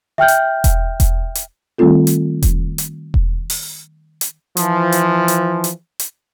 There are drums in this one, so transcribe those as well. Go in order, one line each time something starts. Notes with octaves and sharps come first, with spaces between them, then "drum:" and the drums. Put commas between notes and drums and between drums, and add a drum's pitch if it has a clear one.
E5 G5 F6 G6
drum: hi-hat
drum: kick E1, hi-hat
drum: kick E1, hi-hat
drum: hi-hat
D#3 G3 A3 C4 F4 A4
drum: hi-hat
drum: kick E1, hi-hat
drum: hi-hat
drum: kick E1
drum: open hi-hat
drum: hi-hat
E3 F3, drum: hi-hat
drum: hi-hat
drum: hi-hat
drum: hi-hat
drum: hi-hat